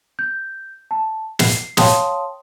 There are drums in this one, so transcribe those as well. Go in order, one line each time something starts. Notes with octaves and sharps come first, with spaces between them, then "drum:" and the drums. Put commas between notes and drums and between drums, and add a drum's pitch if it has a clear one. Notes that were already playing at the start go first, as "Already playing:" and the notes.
G6
A5
C7, drum: snare
C#5 F5 G5 A5 C6 D#6, drum: snare